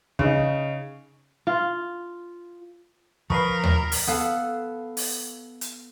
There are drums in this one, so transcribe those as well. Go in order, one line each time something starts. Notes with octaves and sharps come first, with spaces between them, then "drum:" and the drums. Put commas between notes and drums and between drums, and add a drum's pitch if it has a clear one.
C#3 D#4, drum: kick
F4
F3 A#4 B4 C#6 D#6 B6 C7, drum: kick
drum: tom D#2
drum: open hi-hat
B3 A4 F5
drum: open hi-hat
drum: hi-hat